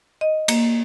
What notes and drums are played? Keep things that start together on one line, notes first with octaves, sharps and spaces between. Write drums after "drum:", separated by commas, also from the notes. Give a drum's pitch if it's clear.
D#5
A#3, drum: cymbal